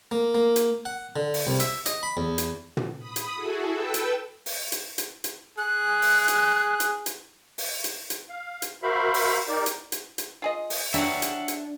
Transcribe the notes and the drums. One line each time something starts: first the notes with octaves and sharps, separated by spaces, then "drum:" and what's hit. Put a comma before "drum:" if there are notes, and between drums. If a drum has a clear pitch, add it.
A#3
A#3
drum: hi-hat
F#5
D3
drum: open hi-hat
C2
E5, drum: hi-hat
D#5, drum: hi-hat
B5
E2
drum: hi-hat
drum: tom
B5 D#6
drum: hi-hat
E4 F#4 G#4 A4
A4 B4 G5 E6
drum: hi-hat
drum: open hi-hat
drum: hi-hat
drum: hi-hat
drum: hi-hat
G#4 F#6
drum: open hi-hat
drum: hi-hat
drum: hi-hat
drum: hi-hat
drum: open hi-hat
drum: hi-hat
drum: hi-hat
F5
drum: hi-hat
F#4 A#4 C5 E5 F5 B5
drum: open hi-hat
D#4 G4 A#4 D5
drum: hi-hat
drum: hi-hat
drum: hi-hat
F4 G#4 D#5
drum: open hi-hat
F#3 G3 D4 E5 F#5, drum: hi-hat
drum: hi-hat
drum: hi-hat